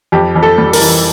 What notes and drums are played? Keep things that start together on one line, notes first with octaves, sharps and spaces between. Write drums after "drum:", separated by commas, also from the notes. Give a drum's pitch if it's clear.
F2 G4
F2
A4
G3
A#4, drum: open hi-hat
E3